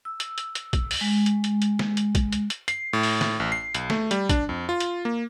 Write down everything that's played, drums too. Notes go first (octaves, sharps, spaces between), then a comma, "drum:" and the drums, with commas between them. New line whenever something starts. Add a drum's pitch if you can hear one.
E6
drum: hi-hat
drum: hi-hat
drum: hi-hat
drum: kick, hi-hat
drum: open hi-hat
G#3
drum: hi-hat
drum: hi-hat
drum: hi-hat
drum: snare
drum: hi-hat
drum: kick, hi-hat
drum: hi-hat
drum: hi-hat
C7, drum: hi-hat
A2
drum: open hi-hat
drum: snare
A1
C7
B1, drum: hi-hat
A3, drum: snare
G3, drum: hi-hat
D4, drum: kick, hi-hat
F2
F4
drum: hi-hat
A#3